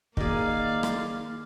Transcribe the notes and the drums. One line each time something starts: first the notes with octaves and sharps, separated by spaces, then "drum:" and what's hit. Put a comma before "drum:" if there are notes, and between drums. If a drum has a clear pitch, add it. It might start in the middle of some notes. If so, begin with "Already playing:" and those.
D#3 A#3 G#4 D5 F5, drum: kick
drum: rim click